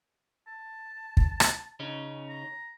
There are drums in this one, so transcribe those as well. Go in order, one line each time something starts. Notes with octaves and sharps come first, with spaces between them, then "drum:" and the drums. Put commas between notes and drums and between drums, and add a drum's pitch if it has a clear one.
A5
drum: kick
drum: rim click
C#3 C#4 D#4
A#5